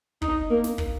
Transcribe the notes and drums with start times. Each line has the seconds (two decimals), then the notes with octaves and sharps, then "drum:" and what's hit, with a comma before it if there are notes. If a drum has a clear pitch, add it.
0.22 D#4, drum: kick
0.50 A#3
0.64 drum: snare
0.78 drum: kick